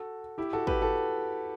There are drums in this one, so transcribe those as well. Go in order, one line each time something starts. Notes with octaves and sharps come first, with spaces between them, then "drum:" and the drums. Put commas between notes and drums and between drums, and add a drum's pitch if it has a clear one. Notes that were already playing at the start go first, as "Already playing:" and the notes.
Already playing: F#4 A4
E4 G4
F#4 A4
G4 B4, drum: kick
F#4 A4